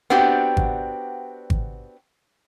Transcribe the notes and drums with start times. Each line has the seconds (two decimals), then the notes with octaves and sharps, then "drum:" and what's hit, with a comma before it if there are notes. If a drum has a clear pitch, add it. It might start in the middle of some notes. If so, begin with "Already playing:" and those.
0.10 B3 C4 D4 F#4 G4
0.57 drum: kick G#1
1.50 drum: kick G#1